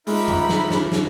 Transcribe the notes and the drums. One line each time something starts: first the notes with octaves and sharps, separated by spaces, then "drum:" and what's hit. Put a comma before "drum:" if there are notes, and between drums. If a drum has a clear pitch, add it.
G#3 D#4 F4 A#4 E5 B5 D6, drum: open hi-hat
drum: tom
drum: snare
drum: snare
drum: snare